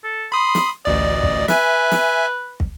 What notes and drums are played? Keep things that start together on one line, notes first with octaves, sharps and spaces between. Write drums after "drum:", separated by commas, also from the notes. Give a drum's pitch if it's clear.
A4
B5 C6 D#6
drum: snare
A1 D2 D5 D#5
drum: kick
B4 E5 G#5, drum: snare
drum: snare
drum: kick